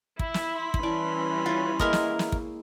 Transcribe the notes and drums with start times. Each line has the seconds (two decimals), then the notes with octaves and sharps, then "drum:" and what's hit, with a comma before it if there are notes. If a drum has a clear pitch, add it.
0.19 E4, drum: kick
0.34 drum: snare
0.53 B5 C6
0.74 drum: kick
0.83 E3 G3 C#4 E4 D5 A5
1.46 E4 F4 C#5
1.80 G#3 A#3 E4 A#4 D#5 E5, drum: kick
1.93 drum: snare
2.19 drum: snare
2.32 drum: kick